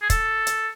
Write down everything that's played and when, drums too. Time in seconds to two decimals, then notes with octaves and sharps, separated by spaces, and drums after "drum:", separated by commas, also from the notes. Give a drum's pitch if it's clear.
0.02 G#4
0.10 A4, drum: kick, hi-hat
0.47 drum: hi-hat